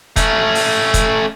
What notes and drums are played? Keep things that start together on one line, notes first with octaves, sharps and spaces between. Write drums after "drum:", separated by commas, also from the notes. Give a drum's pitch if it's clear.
A3 C#4, drum: kick, hi-hat
drum: open hi-hat
drum: kick, hi-hat